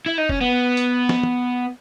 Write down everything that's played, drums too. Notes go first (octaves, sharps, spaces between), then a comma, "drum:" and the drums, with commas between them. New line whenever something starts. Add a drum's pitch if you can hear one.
E4
D#4
C#4, drum: kick F1
B3
drum: hi-hat
drum: snare
drum: tom